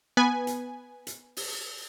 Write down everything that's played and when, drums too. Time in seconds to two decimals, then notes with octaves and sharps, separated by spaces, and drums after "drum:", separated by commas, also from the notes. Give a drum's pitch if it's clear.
0.17 B3 B4 G#5
0.47 drum: hi-hat
1.07 drum: hi-hat
1.37 drum: open hi-hat